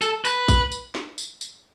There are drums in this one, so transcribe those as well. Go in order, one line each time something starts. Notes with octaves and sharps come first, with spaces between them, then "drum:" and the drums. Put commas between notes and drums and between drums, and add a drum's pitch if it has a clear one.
A4, drum: tambourine
B4, drum: tambourine
drum: kick, tambourine
drum: tambourine
drum: snare
drum: tambourine
drum: tambourine